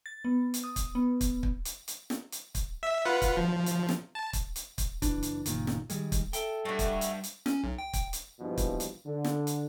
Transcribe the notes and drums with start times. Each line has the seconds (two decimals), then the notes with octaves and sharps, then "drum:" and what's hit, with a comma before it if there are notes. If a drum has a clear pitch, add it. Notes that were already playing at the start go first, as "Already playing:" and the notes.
0.06 A6
0.25 B3
0.54 drum: hi-hat
0.64 D#6
0.76 drum: kick, hi-hat
0.95 B3
1.21 drum: kick, hi-hat
1.43 drum: kick
1.65 drum: hi-hat
1.88 drum: hi-hat
2.10 drum: snare
2.32 drum: hi-hat
2.55 drum: kick, hi-hat
2.83 E5
3.05 F4 B4 F#5
3.22 drum: kick, hi-hat
3.37 F3
3.66 drum: hi-hat
3.89 drum: snare
4.15 A5
4.33 drum: kick, hi-hat
4.56 drum: hi-hat
4.78 drum: kick, hi-hat
5.02 F#1 E3 D4, drum: kick, hi-hat
5.23 drum: hi-hat
5.46 F#1 A#2 D#3, drum: hi-hat
5.67 drum: snare
5.90 D#3 G3 G#3, drum: hi-hat
6.12 drum: kick, hi-hat
6.33 A4 E5 G5, drum: hi-hat
6.65 G2 A3 F#4
6.79 drum: kick, hi-hat
7.01 drum: hi-hat
7.24 drum: hi-hat
7.46 C#4, drum: snare
7.64 B1
7.78 G5
7.93 G5, drum: kick, hi-hat
8.13 drum: hi-hat
8.39 A#1 G2 B2 E3 F3
8.58 drum: kick, hi-hat
8.80 drum: hi-hat
9.06 D3
9.24 drum: snare
9.47 drum: hi-hat